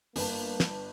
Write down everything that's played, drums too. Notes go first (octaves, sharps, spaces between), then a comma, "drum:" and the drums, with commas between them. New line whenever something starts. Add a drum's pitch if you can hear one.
G1 A#3 B4 A5, drum: open hi-hat
drum: snare